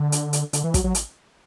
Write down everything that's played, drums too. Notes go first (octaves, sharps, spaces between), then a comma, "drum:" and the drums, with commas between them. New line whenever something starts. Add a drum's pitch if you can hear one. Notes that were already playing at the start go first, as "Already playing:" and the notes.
Already playing: D3
drum: hi-hat
drum: hi-hat
D3, drum: hi-hat
E3
F#3, drum: kick, hi-hat
F#3
drum: hi-hat